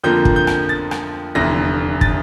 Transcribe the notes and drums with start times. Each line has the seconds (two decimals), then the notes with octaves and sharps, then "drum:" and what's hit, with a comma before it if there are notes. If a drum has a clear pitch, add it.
0.04 F2 D3 F3 A#3 G6
0.25 drum: kick
0.36 G6
0.47 drum: rim click
0.69 A6
0.91 drum: rim click
1.35 F1 E2 D3 A#6
2.01 A6, drum: kick